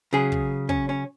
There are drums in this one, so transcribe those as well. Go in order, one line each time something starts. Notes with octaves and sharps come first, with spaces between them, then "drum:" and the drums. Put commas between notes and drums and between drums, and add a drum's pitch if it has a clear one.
C#3 F#3 G#4
drum: kick
C#4, drum: kick
C#4